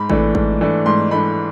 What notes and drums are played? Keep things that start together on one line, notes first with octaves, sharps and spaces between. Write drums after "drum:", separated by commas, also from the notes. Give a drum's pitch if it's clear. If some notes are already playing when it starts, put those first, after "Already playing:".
Already playing: G#2 B5
E3 A3 D4, drum: kick G#1
G#2, drum: kick G#1
E3 A3 D4
G#2 C6
E3 A3 D4 B5